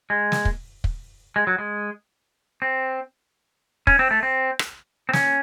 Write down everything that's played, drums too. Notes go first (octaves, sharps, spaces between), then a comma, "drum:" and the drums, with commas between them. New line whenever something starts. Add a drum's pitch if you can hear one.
G#3
drum: snare
drum: kick
drum: kick
G#3
F#3
G#3
C4
C#4, drum: kick
C4
A3
C4
drum: rim click
C4
C#4, drum: snare